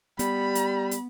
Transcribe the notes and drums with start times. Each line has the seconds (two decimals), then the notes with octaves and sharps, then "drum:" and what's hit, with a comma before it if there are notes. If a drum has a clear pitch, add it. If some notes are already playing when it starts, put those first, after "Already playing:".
0.19 G3 B3 B5, drum: hi-hat
0.55 drum: hi-hat
0.91 drum: hi-hat